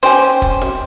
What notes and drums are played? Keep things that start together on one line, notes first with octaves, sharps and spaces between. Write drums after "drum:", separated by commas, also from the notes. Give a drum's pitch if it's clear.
C#4 G4 C5, drum: snare
drum: hi-hat
drum: kick, hi-hat
drum: snare